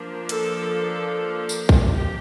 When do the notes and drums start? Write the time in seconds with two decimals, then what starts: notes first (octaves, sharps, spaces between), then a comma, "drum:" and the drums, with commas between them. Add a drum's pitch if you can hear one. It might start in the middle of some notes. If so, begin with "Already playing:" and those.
Already playing: F3 A#3 D4
0.29 A4, drum: hi-hat
1.49 drum: tambourine
1.69 drum: kick B1
1.91 G4